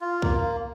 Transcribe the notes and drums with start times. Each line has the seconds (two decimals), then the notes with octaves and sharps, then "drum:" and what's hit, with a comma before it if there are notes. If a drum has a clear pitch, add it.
0.01 F4
0.22 A#3, drum: kick C2